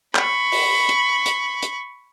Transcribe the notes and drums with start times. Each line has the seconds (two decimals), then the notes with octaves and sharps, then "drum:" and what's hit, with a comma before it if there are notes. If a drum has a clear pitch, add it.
0.15 B5 C#6, drum: clap
0.52 drum: open hi-hat
0.89 drum: hi-hat
1.26 drum: hi-hat
1.63 drum: hi-hat